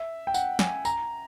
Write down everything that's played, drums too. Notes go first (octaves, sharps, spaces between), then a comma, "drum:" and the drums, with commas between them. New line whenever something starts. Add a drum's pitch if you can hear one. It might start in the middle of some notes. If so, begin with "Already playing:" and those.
Already playing: E5
G5
F#5, drum: tambourine
G#5, drum: snare
A#5, drum: tambourine